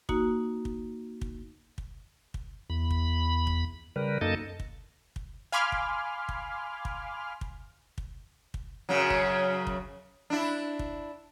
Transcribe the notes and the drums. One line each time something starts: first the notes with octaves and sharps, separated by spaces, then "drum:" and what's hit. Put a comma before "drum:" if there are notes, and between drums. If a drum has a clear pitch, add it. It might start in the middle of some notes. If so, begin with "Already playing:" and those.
A#3 D#4 F#4, drum: kick
drum: kick
drum: kick
drum: kick
drum: kick
E2 B5
drum: kick
drum: kick
C#3 G3 A#4 B4
F#2 A#3 D#4 A4 D#5 A5
drum: kick
drum: kick
F5 G#5 B5 C6 D6 F6
drum: kick
drum: kick
drum: kick
drum: kick
drum: kick
drum: kick
F#2 C#3 F#3
drum: kick
drum: kick
D4 E4
drum: kick